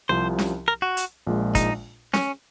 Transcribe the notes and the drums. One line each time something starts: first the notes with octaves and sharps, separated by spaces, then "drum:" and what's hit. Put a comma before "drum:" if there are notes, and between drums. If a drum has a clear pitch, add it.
C2 C3 F3 C5
drum: snare C#4
A#4
F#4
drum: hi-hat
A#1 A#2 G#3
D#4, drum: kick, hi-hat
C#4, drum: snare C#4